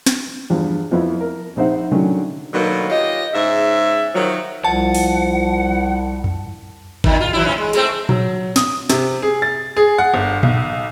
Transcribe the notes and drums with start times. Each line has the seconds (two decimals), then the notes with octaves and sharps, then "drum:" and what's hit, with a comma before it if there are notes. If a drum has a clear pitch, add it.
0.06 drum: snare
0.50 E2 G2 F3
0.91 F2 F3 B3 E4
1.20 A#4
1.56 A#1 C4 D#4 C5 E5 F#5
1.92 D3 D#3 F#3 C#4
2.53 B2 D3 D#3 F#3 A#3
2.90 F4 G4 C#5 D#5
3.34 G#2 C#3 E5
4.14 D#3 F3 F#3
4.64 C2 F3 F#5 A5
4.94 drum: open hi-hat
6.24 drum: tom F2
7.04 E2 D#3, drum: kick G#1
7.21 F4
7.33 E3 F#3 E4
7.45 A2 C#4
7.58 G#3
7.73 G#3 A3 C4, drum: hi-hat
8.09 F#3, drum: tom A#2
8.56 D#6, drum: snare
8.90 C3, drum: snare
9.22 G#4
9.42 A6
9.77 G#4
9.98 F#5
10.14 G1
10.43 B1, drum: tom A#2